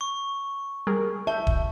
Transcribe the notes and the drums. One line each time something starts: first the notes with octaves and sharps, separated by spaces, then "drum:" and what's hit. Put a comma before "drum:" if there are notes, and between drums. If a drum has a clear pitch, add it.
C#6
G3 G#4 A#4
E5 A5 G6
drum: kick D#1